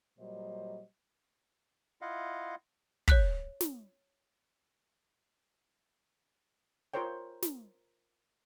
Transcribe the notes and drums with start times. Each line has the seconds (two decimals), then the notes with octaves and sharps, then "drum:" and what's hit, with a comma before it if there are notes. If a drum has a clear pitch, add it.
0.19 A#2 F#3 G3 C5 D#5
2.02 E4 F4 D#5 F5 F#5
3.08 C#5 F#6 B6, drum: kick
3.61 drum: snare
6.94 F4 G#4 A#4 C5 C#5 G5
7.42 drum: snare